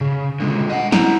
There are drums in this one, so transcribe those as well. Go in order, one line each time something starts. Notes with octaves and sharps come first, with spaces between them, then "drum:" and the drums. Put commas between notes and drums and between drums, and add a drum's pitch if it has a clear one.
C#3
D3 G#3
D#5 F#5
E4 A#5, drum: snare